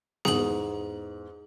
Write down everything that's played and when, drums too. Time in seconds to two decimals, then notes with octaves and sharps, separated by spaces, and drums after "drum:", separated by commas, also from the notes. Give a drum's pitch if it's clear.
0.25 E2 G#2 G#4 F#7, drum: snare B3